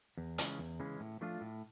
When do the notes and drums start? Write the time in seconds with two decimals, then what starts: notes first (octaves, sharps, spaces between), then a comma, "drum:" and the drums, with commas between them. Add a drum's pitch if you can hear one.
0.17 E2
0.38 C#3 E3 G#3 C#4, drum: hi-hat
0.59 E2
0.80 C#3 E3 G#3 C#4
1.00 A2
1.21 F3 A3 D4 F4
1.41 A2